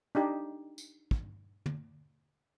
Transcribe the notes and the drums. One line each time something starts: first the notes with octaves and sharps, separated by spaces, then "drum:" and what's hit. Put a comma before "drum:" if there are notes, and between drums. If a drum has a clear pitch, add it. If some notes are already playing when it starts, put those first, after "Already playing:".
D4 D#4 G4
drum: tambourine
drum: kick
drum: tom